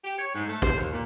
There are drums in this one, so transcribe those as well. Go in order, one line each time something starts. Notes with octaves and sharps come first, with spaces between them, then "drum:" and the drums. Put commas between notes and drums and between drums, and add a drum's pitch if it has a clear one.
G4
C#5
G#2
A3
C5, drum: kick
D#2
A#2